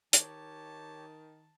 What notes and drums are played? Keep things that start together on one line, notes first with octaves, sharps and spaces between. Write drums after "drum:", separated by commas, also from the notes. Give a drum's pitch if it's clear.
D#3 G4 C#5 A5, drum: hi-hat